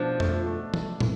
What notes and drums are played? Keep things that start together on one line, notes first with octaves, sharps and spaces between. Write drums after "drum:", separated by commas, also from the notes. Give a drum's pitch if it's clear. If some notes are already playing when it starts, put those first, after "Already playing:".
Already playing: B2 F3 A3 D4
A3, drum: tom F2
A3
A3, drum: tom
E3, drum: tom